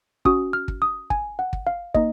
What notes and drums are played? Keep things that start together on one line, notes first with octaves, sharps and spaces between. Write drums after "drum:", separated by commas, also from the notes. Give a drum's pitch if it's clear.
C#4 F#4 D#6, drum: kick
F6
drum: kick
D#6
G#5, drum: kick
F#5
drum: kick
F5
A#3 D#4 D#5, drum: kick